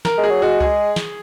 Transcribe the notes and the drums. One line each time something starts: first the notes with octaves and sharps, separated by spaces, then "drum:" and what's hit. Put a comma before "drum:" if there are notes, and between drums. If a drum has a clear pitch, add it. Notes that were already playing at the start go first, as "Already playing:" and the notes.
A#4, drum: snare
G#3
G#4
F#3
G#3 F#4
G#4, drum: kick C#2
drum: snare